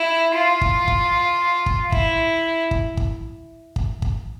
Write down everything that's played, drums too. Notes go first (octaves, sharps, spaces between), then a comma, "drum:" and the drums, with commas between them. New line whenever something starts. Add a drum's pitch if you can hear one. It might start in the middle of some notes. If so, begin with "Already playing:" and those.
Already playing: E4
F4
drum: kick
drum: kick
drum: kick
E4, drum: kick
drum: kick
drum: kick
drum: kick
drum: kick